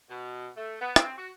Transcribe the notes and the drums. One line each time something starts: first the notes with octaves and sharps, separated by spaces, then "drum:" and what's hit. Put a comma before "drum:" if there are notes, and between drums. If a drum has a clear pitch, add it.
B2
A3
B3
C4, drum: rim click
F#4